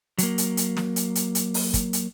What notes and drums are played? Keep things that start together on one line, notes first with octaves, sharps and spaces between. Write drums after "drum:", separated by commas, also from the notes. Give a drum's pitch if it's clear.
F#3 A#3, drum: hi-hat
drum: hi-hat
drum: hi-hat
drum: snare
drum: hi-hat
drum: hi-hat
drum: hi-hat
drum: open hi-hat
drum: kick, hi-hat
drum: hi-hat